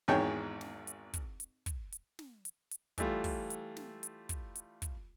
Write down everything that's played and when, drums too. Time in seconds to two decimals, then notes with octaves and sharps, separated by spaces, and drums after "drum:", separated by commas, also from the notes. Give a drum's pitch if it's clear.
0.08 G#1 E2 G#2 G#4 C#5 G5
0.61 drum: snare
0.87 drum: hi-hat
1.14 drum: kick, hi-hat
1.40 drum: hi-hat
1.66 drum: kick, hi-hat
1.92 drum: hi-hat
2.19 drum: snare
2.45 drum: hi-hat
2.71 drum: hi-hat
2.98 E3 G3 A3 F4, drum: kick, hi-hat
3.24 drum: kick, open hi-hat
3.50 drum: hi-hat
3.77 drum: snare
4.03 drum: hi-hat
4.29 drum: kick, hi-hat
4.55 drum: hi-hat
4.82 drum: kick, hi-hat